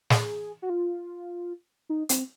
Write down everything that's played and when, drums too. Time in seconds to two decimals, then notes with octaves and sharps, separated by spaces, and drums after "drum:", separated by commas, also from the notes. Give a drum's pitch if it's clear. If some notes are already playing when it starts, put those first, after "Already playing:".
0.10 G#4, drum: snare
0.62 F#4
0.70 F4
1.89 D#4
2.09 C4, drum: hi-hat